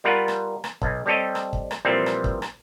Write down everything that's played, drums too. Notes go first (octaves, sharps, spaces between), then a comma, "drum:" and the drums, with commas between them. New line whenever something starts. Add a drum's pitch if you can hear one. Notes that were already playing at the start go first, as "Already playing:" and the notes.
G3 B3 F4 A#4 B4 F#5
drum: rim click
drum: rim click
B1, drum: kick
G3 C4 G4 A4 C#5 D#5
drum: rim click
drum: kick
drum: rim click
A#2 E3 F3 G3 C4
drum: rim click
drum: kick
drum: rim click